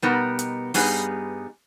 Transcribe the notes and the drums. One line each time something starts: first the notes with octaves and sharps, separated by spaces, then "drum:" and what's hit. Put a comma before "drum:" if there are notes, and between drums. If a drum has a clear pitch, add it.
B2 G3 B3 D#4 A#4
drum: hi-hat
G2 G3 B3 D#4 G#4, drum: open hi-hat